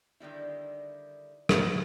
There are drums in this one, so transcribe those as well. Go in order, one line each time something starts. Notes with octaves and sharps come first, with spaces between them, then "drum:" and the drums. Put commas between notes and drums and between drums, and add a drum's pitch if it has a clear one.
D3 D#3 G3 E4
drum: rim click